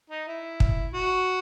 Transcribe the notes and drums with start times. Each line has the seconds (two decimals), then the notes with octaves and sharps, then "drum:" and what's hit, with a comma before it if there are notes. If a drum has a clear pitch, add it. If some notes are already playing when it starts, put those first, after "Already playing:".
0.10 D#4
0.27 E4
0.60 drum: kick
0.93 F#4